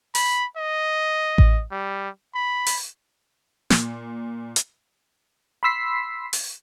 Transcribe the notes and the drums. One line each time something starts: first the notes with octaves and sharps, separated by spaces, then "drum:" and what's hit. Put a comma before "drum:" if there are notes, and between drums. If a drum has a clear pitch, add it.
B5, drum: open hi-hat
D#5
drum: kick A1
G3
B5
drum: open hi-hat
A#2, drum: snare
drum: hi-hat
B5 C6 E6 B6 C7
drum: open hi-hat